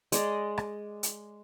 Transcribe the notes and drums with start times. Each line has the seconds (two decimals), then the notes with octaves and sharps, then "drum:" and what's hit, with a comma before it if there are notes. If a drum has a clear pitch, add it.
0.12 G#3 D5 D#5, drum: hi-hat
0.58 drum: rim click
1.03 drum: hi-hat